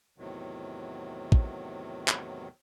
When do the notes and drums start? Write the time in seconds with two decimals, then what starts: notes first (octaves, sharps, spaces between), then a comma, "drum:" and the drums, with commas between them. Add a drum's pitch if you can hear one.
0.18 E2 A2 C3 D#3 F#3
1.32 drum: kick
2.08 drum: clap